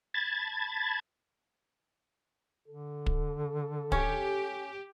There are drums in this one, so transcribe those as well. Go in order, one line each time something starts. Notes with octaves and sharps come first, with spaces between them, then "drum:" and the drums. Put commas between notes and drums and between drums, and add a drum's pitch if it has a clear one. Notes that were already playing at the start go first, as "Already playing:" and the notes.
A5 B5 G#6 A6
D3 A4
drum: kick
C#4 G4, drum: kick